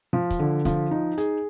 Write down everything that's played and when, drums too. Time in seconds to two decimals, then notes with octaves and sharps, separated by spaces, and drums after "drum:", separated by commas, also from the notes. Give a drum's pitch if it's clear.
0.13 F3
0.30 drum: kick, hi-hat
0.40 D3
0.65 F3, drum: kick, hi-hat
0.91 D#4
1.18 G#4, drum: hi-hat